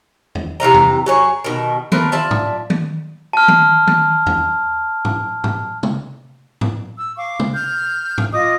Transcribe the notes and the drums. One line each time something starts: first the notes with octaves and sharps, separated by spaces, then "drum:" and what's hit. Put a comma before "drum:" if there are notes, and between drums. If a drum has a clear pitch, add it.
drum: tom E2
C3 E3 F5 A#5
drum: tom E2
F#3 G#4 C#5
B2 D#3
A3 B3 C4 A#4, drum: tom D#3
F4 D5 E5 A5
drum: tom
drum: tom D#3
A5 F6
drum: tom D#3
drum: tom D#3
drum: tom E2
drum: tom
drum: tom
drum: tom
drum: tom
E6
F5 C#6 D6
drum: tom
F6 G6
drum: tom
F4 D#5 D6 D#6